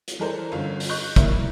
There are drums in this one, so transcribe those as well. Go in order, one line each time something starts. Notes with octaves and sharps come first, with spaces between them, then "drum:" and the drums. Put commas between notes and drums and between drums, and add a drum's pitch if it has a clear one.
drum: hi-hat
E3 G#3 A4 A#4 C5 D5
G1 D3 C#4 F4
drum: open hi-hat
D#5 C#6 F#6 G6
G3 A#3 E4, drum: kick, hi-hat